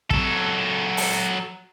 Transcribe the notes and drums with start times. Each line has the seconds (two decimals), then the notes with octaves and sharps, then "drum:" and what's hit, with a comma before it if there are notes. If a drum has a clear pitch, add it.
0.11 F#3 A4, drum: kick
0.97 drum: open hi-hat